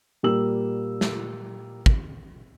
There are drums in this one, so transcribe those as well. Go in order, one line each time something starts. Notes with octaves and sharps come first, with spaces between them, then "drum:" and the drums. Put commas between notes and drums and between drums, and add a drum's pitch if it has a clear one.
A#2 G3 A#3 E6 F#7
drum: snare
drum: kick